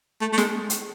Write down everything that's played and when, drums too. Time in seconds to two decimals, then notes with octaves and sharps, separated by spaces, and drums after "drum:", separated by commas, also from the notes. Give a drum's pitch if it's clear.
0.21 A3
0.33 A3
0.38 G#3, drum: snare
0.70 drum: hi-hat